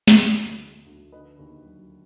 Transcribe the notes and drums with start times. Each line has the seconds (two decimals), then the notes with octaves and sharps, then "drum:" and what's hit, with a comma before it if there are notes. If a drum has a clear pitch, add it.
0.08 D3 B4 D#5, drum: snare
0.33 D2
0.60 F3
0.86 D2
1.12 D3 B4 D#5
1.39 D#2
1.65 F#3